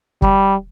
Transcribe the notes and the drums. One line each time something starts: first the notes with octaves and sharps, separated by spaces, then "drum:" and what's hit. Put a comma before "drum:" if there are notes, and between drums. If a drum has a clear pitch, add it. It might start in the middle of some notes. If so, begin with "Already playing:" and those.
G3, drum: kick